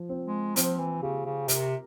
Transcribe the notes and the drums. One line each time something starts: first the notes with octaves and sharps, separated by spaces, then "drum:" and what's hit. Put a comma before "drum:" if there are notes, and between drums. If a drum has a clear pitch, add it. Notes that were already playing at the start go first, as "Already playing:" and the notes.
Already playing: F3
C4
G#3
F3 C4, drum: hi-hat
E3
C#3 G4
C#3
C3 A#4, drum: hi-hat